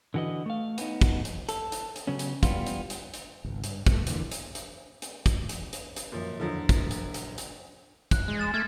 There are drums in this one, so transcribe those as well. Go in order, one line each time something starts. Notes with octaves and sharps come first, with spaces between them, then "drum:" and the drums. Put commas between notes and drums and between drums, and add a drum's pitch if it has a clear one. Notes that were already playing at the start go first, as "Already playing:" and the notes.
D3 E3 F#4 B4 D#5
A3 F5
B3 D#4, drum: hi-hat
drum: kick, hi-hat
drum: hi-hat
A4, drum: hi-hat
drum: hi-hat
drum: hi-hat
C#3 F#3 B3 C#4
drum: hi-hat
G3 B3 F4, drum: kick, hi-hat
drum: hi-hat
drum: hi-hat
drum: hi-hat
G#1 C#2
G2, drum: hi-hat
G2 B2 A3, drum: kick, hi-hat
E2 A#2 D3 E3, drum: hi-hat
drum: hi-hat
drum: hi-hat
drum: hi-hat
drum: kick, hi-hat
drum: hi-hat
drum: hi-hat
drum: hi-hat
G#1 F#2 A#2 D#3 F3
E2 D3 F3 F#3 C5 E6
F#1 A#2, drum: kick, hi-hat
drum: hi-hat
drum: hi-hat
drum: hi-hat
F#6, drum: kick, hi-hat
G#3
A6 E7
A3 F6 G#6 A6